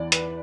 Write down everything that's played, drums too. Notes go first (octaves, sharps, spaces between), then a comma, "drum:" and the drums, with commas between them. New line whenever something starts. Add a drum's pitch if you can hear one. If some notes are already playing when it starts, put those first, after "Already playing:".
Already playing: E2 E3 D5
B4, drum: hi-hat